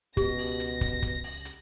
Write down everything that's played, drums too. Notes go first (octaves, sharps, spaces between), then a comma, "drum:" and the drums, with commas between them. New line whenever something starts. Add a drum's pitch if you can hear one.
C#2 B2 G4 A#6, drum: kick, hi-hat
drum: open hi-hat
drum: hi-hat
drum: kick, hi-hat
drum: kick, hi-hat
drum: open hi-hat
drum: hi-hat